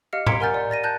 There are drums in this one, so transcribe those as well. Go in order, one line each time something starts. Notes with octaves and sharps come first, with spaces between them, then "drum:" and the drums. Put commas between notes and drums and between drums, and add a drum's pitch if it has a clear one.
G4 D#5 F5 F6 C#7
A#5 C6 G#6 B6 C#7 D7, drum: tom A2
A#4 F#5 G#5 F6 G6 A6
D5
D5 A6 A#6 D#7
A5 F#6 G6 A6